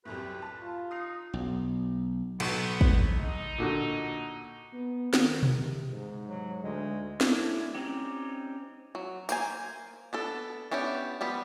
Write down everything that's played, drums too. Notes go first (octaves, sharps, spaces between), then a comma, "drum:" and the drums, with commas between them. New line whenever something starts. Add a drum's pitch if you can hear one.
C2 F#2 A2 G4 B4
A5
F4
D#4 D#6 C7 F7
B1
B1 B3 C#6, drum: cymbal
drum: kick
D#4
A#2 D3 F#4
B3
D#3, drum: snare
drum: tom B2
C3
G#2
F#3
D2 G#3
A3 C#4 D4 E4, drum: snare
C4 C#4 D#4 G4
F#3
A#3 C5 G#5, drum: tambourine
B3 D4 A4
B3 C#4 D4 E4 G4
F3 G3 B3 B4